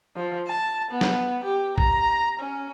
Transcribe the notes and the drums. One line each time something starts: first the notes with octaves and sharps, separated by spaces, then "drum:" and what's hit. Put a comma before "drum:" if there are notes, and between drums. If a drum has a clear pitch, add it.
F3
A5
B3
drum: snare
G4
A#5, drum: kick
C#4